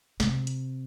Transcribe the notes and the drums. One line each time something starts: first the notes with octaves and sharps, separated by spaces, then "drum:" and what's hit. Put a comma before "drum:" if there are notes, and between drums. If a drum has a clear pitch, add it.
C3, drum: snare
drum: hi-hat